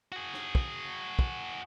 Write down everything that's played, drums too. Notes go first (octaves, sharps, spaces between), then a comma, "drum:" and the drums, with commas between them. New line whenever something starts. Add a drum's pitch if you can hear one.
F#4 G#4
drum: rim click
drum: kick
drum: kick